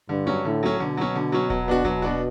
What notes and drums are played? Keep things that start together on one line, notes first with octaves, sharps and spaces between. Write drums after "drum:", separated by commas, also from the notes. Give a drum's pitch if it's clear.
G2 D3
F#3 C#4
A2 D3
F#3 C#4
B2 D3
F#3 C#4
D3
F#3 C#4
F#3, drum: kick D#1
B3 D4 F#4
B2 F#3, drum: kick D#1
B3 D4 F#4